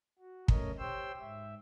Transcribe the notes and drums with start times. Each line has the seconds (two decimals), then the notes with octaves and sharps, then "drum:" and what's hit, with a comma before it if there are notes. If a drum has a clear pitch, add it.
0.18 F#4
0.48 A3 C#4 A#4 C#5 D#5, drum: kick
0.79 G4 C5 C#5 G5 C6 E6
1.19 G#2 E5